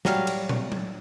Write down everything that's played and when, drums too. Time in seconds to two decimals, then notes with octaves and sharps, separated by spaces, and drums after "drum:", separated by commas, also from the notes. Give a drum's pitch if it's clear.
0.05 F#3 G3 F5, drum: snare
0.27 drum: cymbal
0.49 drum: tom
0.72 drum: tom F#3